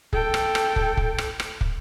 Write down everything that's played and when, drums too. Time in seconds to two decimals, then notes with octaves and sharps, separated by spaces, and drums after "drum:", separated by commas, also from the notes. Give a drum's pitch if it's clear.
0.13 A4 G5, drum: kick
0.34 drum: rim click
0.55 drum: rim click
0.76 drum: kick
0.97 drum: kick
1.18 drum: rim click
1.40 drum: rim click
1.61 drum: kick